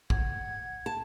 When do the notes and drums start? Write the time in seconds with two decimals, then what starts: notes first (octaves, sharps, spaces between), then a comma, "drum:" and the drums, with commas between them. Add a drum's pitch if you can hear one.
0.10 F#5 G#6, drum: kick A#1
0.86 A5